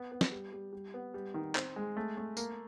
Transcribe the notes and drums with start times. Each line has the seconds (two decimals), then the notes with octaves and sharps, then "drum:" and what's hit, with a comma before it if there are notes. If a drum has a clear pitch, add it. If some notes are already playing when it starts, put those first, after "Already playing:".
Already playing: B3
0.12 B3
0.21 drum: snare
0.32 G3
0.52 G3
0.73 G3
0.94 B3
1.14 G3
1.34 D#3
1.55 C4, drum: clap
1.76 G#3
1.97 A3
2.17 A3
2.37 A#3, drum: tambourine